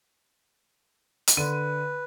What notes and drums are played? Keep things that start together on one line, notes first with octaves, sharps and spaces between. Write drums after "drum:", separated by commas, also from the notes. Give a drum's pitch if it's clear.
drum: hi-hat
D3 B4 D#7